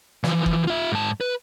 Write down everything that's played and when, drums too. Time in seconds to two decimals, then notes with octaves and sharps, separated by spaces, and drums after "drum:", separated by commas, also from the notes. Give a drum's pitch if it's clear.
0.24 E3 F3, drum: snare
0.46 drum: kick
0.67 F4 E5
0.92 G#2 A5
1.21 B4